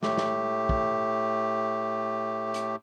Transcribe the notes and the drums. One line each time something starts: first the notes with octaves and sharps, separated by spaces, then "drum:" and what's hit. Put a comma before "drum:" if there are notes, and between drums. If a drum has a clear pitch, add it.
A2 A3 G4, drum: snare
drum: snare
drum: kick
drum: hi-hat